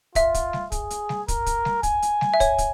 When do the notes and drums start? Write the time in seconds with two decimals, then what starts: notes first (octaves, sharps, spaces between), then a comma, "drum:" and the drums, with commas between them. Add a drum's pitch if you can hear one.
0.15 F4 E5, drum: kick, hi-hat
0.34 drum: kick, hi-hat
0.53 drum: snare G3
0.72 G#4, drum: kick, hi-hat
0.90 drum: hi-hat
1.09 drum: snare G3
1.28 A#4, drum: kick, hi-hat
1.46 drum: kick, hi-hat
1.65 drum: snare G3
1.83 G#5, drum: kick, hi-hat
2.02 drum: hi-hat
2.21 drum: snare G3
2.34 E5
2.40 C#5, drum: kick, hi-hat
2.58 drum: kick, hi-hat